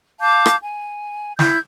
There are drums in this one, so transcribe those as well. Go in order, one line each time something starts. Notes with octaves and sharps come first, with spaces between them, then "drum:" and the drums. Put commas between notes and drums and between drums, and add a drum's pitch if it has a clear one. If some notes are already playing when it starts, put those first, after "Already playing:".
F5 A5 D6 G6
drum: rim click
G#5
E4 G6, drum: snare